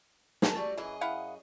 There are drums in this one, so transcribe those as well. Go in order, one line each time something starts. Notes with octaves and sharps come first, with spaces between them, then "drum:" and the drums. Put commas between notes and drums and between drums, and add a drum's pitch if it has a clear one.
D#4 G#4 A#4 A5, drum: snare
G3 A3 F#4
F#2 E3 G#4 D#5
E4 F5 F#5